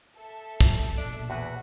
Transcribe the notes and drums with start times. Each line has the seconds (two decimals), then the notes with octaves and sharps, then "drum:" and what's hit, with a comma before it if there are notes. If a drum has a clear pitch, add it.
0.16 A4 E5
0.61 drum: kick
0.97 A#1 B2 D4
1.30 E2 F#4 B4